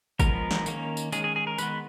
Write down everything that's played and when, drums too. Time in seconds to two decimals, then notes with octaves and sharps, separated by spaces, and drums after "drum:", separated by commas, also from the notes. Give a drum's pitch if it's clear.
0.19 F3 G#3 B3 A#4, drum: kick, tambourine
0.51 drum: snare
0.66 D#3 A#3 C#4, drum: tambourine
0.97 drum: tambourine
1.12 D#3 G#3 C#4 G#4, drum: tambourine
1.24 G#4
1.36 G#4
1.47 A#4
1.58 D#3 G#3 B3 B4, drum: tambourine